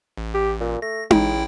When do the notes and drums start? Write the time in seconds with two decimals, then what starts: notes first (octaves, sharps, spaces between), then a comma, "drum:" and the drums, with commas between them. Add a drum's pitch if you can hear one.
0.18 A1
0.35 G4
0.61 A#2
0.82 A3 A#6
1.11 A1 C#3 E4 G5, drum: tom D#4